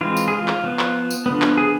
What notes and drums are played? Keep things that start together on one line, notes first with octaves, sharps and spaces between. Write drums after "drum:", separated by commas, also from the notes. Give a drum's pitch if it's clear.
E3 G#3 C4 F4
drum: tambourine
G#4
F4
drum: clap
F3 B3
drum: clap
drum: tambourine
D3 F3 B3
drum: clap
G#4